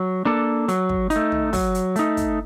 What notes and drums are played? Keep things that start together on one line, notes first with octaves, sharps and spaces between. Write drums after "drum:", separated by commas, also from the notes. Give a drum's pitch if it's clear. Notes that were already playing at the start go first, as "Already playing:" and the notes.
Already playing: F#3
A#3 D4 A4
F#3, drum: hi-hat
drum: kick
D#4, drum: hi-hat
A3
drum: tom
F#3, drum: kick, open hi-hat
drum: hi-hat
A3 D#4, drum: hi-hat
drum: kick, hi-hat